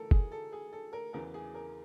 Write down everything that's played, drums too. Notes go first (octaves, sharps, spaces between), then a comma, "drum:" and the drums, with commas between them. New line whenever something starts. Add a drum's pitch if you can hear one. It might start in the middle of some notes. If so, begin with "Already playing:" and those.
Already playing: A2 E3 A4 A#4
G#4, drum: kick
A4
G#4
A4
A#4
E2 C#3 E3 A#4
G#4
A#4